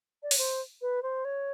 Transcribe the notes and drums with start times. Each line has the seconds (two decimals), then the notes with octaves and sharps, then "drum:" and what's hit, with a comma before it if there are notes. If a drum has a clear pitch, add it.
0.23 D5
0.31 C#5, drum: open hi-hat
0.38 C5
0.82 B4
1.03 C5
1.25 C#5